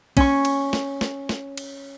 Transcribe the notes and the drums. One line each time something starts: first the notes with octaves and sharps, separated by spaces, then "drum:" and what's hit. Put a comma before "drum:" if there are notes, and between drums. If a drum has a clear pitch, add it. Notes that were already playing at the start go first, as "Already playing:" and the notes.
C#4 C#6, drum: kick, cymbal
drum: cymbal
drum: snare
drum: snare
drum: snare
drum: cymbal